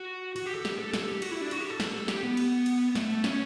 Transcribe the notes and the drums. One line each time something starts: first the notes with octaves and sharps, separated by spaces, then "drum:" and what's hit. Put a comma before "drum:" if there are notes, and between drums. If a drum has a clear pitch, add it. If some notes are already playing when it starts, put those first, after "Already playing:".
Already playing: F#4
F#4, drum: cymbal
G4
A4
G4, drum: snare
A4
A4, drum: snare
A4
G4
F#4, drum: cymbal
E4
D4
F#4, drum: cymbal
G4
A4
drum: snare
A4
G4, drum: snare
B3
drum: cymbal
drum: cymbal
A3, drum: snare
C#4, drum: snare